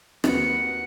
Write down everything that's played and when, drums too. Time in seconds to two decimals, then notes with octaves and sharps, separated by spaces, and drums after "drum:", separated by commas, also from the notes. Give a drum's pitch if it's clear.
0.24 D#2 C4 F#4 B4 F#5, drum: rim click